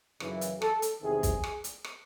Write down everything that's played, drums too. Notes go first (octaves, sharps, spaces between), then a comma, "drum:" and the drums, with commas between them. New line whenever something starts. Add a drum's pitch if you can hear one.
F#2 C#3 E3, drum: rim click
drum: hi-hat
A4, drum: rim click
drum: hi-hat
E2 C3 D#3 G#4
drum: kick, hi-hat
drum: rim click
drum: hi-hat
drum: rim click